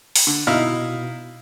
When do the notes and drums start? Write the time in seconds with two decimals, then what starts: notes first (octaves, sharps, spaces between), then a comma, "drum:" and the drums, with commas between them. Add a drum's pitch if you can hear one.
0.16 drum: open hi-hat
0.27 D3
0.47 B2 D#4 E4 F5